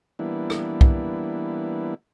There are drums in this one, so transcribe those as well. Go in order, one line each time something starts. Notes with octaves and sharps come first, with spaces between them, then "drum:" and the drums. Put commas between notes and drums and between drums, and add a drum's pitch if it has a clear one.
E3 G3 A#3 B3 D4 E4
drum: rim click
drum: kick B1